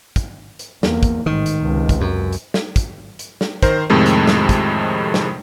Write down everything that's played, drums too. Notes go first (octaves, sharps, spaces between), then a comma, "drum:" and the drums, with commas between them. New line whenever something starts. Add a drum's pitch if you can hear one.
drum: kick, hi-hat
drum: hi-hat
E2 A#3, drum: snare
drum: kick, hi-hat
A1 G#2 D#3
drum: hi-hat
C#2 C3
drum: kick, hi-hat
F#2
drum: hi-hat
drum: snare
drum: kick, hi-hat
drum: hi-hat
drum: snare
D#3 A#4 C5, drum: kick, hi-hat
F2 A2 C3 D#3 G#3 C4
drum: hi-hat
drum: snare
drum: kick, hi-hat
drum: snare